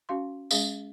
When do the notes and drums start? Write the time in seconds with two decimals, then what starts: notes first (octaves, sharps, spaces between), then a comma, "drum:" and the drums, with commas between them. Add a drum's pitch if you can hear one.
0.09 C#4 F#4 F5 C6
0.51 G#3 C#4 G#4 F5, drum: tambourine